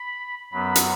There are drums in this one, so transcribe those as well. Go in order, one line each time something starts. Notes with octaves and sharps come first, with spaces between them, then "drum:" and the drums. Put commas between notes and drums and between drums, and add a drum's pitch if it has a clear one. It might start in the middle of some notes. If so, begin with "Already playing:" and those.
Already playing: B5
F#2 F#3 B3 B5
drum: hi-hat